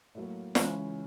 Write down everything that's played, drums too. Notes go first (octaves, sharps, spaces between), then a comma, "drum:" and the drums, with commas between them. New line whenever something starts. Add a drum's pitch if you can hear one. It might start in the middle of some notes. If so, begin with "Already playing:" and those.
A2 F#3 A#3
C#2 C#3 E3 G#3 C#4, drum: snare